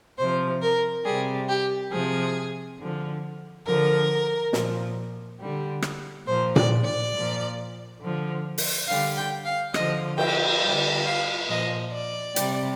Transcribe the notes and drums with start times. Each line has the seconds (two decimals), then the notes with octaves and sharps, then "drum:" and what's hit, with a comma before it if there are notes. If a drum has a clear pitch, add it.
0.18 C3 F3 C5
0.62 A#4
1.05 C3 G3 G#4
1.49 G4
1.92 C3 F3 G#4
2.80 D3 F3
3.66 D3 F3 A#4
4.53 A#2 F3, drum: snare
5.40 D3 G3
5.82 drum: rim click
6.27 A#2 F3 C5
6.56 D5, drum: tom A#2
6.84 D5
7.14 A#2 F3
8.00 D3 F3
8.58 drum: open hi-hat
8.87 D3 G3 F5
9.17 G5
9.45 F5
9.74 D3 F3 D#5, drum: rim click
10.18 G5, drum: cymbal
10.62 D3 G3 G5
11.05 F5
11.49 A#2 F3 D#5
11.92 D5
12.36 C3 G3, drum: hi-hat